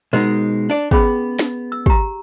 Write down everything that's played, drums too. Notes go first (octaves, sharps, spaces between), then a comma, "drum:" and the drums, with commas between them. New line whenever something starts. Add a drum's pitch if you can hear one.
B2 G#3 D#4 A#4 C5 D#5
D4 D5
B3 C#4 G#4 B5, drum: kick
drum: snare
E6
G4 A#5, drum: kick